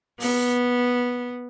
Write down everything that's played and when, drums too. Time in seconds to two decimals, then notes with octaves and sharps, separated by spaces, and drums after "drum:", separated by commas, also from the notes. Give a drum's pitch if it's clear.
0.20 B3, drum: open hi-hat